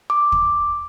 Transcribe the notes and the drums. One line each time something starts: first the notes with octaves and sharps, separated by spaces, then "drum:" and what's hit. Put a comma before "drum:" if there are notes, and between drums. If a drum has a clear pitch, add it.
D6
drum: kick